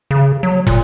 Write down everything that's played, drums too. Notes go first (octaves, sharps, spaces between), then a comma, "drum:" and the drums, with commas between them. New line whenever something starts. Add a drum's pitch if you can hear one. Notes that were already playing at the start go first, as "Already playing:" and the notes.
C#3
F#3
A#2, drum: kick, hi-hat